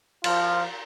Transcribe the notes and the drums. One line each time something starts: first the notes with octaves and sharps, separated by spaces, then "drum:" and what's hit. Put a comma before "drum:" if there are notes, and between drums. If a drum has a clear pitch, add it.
F3 F4, drum: cymbal